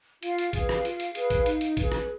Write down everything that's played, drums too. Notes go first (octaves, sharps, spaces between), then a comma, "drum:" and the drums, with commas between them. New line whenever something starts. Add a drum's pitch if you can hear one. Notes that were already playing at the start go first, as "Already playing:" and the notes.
F4 F5, drum: hi-hat
drum: hi-hat
G#4 B4, drum: kick, hi-hat
drum: rim click
F4, drum: hi-hat
drum: hi-hat
G#4 B4, drum: hi-hat
drum: kick, hi-hat
D#4, drum: hi-hat
drum: hi-hat
G#4 B4, drum: kick, hi-hat
drum: rim click